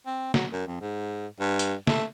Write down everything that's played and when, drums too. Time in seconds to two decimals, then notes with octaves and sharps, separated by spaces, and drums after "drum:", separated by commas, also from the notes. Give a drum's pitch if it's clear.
0.06 C4
0.34 F#3, drum: snare
0.53 F#2
0.67 F2
0.81 G#2
1.40 G2
1.59 drum: hi-hat
1.87 A3, drum: snare